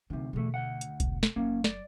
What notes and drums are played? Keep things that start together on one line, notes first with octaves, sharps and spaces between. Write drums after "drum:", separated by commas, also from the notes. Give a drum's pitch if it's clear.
D2 C3 E3 D#4
E2 B2 D3 A3
D2 F#5
drum: hi-hat
E1, drum: kick B1, hi-hat
drum: snare
F#1 F#3 A#3 C#4
D5, drum: snare